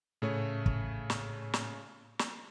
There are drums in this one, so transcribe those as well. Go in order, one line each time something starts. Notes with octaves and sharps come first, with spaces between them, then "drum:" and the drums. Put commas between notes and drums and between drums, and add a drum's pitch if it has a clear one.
A2 C#3 A3 C#5
drum: kick
drum: snare
drum: snare
drum: snare